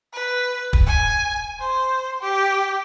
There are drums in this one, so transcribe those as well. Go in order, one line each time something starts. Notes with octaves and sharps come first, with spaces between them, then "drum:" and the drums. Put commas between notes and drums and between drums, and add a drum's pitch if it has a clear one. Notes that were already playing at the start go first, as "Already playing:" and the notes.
B4
drum: kick
G#5
C5
G4